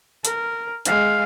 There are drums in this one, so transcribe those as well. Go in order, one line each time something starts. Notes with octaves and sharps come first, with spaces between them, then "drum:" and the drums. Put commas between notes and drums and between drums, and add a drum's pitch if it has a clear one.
A#4, drum: hi-hat
G#3 F5, drum: hi-hat